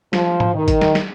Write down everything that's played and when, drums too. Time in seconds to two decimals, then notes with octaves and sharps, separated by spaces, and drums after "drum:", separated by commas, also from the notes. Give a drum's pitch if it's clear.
0.13 F3, drum: snare
0.40 drum: tom G#2
0.54 D#3
0.68 drum: kick, hi-hat
0.81 drum: snare
0.95 drum: snare